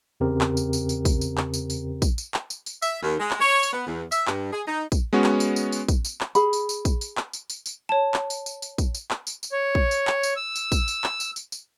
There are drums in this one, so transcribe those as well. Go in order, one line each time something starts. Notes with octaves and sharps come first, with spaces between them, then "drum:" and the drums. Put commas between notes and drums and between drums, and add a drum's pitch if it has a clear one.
E2 C#3 C4 G4 A#4
drum: clap
drum: tambourine
drum: tambourine
drum: tambourine
drum: kick, tambourine
drum: tambourine
drum: clap
drum: tambourine
drum: tambourine
drum: kick, tambourine
drum: tambourine
drum: clap
drum: tambourine
drum: tambourine
E5, drum: tambourine
D#2
G#3
drum: clap
C#5
drum: tambourine
B3
E2
E5, drum: tambourine
G2, drum: clap
G#4
D#4
drum: kick, tambourine
G#3 B3 C#4 F#4
drum: clap
drum: tambourine
drum: tambourine
drum: tambourine
drum: kick, tambourine
drum: tambourine
drum: clap
G#4 B5, drum: tambourine
drum: tambourine
drum: tambourine
drum: kick, tambourine
drum: tambourine
drum: clap
drum: tambourine
drum: tambourine
drum: tambourine
C#5 A5
drum: clap
drum: tambourine
drum: tambourine
drum: tambourine
drum: kick, tambourine
drum: tambourine
drum: clap
drum: tambourine
drum: tambourine
C#5
drum: kick
drum: tambourine
drum: clap
drum: tambourine
E6
drum: tambourine
drum: kick, tambourine
drum: tambourine
drum: clap
drum: tambourine
drum: tambourine
drum: tambourine